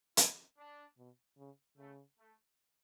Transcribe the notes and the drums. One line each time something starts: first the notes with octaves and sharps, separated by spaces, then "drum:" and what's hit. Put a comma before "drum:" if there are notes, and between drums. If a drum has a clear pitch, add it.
E4, drum: hi-hat
D4
B2
C#3
C#3 A3
A3